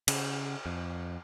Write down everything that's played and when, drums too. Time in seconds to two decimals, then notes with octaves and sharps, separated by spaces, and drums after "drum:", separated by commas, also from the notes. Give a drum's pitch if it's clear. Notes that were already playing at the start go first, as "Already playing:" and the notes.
0.08 C#3, drum: cymbal
0.66 F2